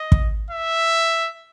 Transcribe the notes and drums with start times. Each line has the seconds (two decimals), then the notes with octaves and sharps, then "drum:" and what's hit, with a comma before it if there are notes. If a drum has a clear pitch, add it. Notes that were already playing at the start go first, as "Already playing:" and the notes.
Already playing: D#5
0.12 drum: kick
0.50 E5